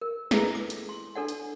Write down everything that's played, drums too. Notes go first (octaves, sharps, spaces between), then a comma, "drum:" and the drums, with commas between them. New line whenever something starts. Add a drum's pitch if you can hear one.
A#4
E4 G#4 A4 B4 D5, drum: snare
D6
drum: hi-hat
C6
D4 A4 D5 F#5
drum: hi-hat